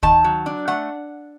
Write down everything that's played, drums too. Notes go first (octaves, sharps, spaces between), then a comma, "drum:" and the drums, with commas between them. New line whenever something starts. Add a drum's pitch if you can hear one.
D#3 A5, drum: kick
F#3
D4
A3 F#5